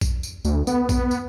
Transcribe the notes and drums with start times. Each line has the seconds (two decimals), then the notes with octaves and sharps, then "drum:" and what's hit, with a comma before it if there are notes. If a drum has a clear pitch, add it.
0.01 drum: kick A#1, tambourine
0.23 drum: tambourine
0.45 D2, drum: tambourine
0.67 B3, drum: tambourine
0.89 drum: kick A#1, tambourine
1.11 drum: tambourine